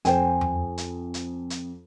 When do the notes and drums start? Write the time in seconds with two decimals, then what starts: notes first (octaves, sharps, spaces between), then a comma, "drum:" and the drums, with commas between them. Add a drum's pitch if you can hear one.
0.05 F2 C5 G5 G#5, drum: hi-hat
0.41 drum: tom E2
0.78 drum: hi-hat
1.14 drum: hi-hat
1.50 drum: hi-hat